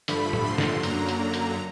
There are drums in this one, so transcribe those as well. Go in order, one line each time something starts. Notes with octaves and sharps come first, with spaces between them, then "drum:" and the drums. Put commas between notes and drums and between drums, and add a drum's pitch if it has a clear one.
G2 D3 F3 A3 B5, drum: hi-hat
drum: tom A2
C6
drum: snare
F#2 D3 F#3 A#3 A#5, drum: hi-hat
drum: hi-hat
drum: hi-hat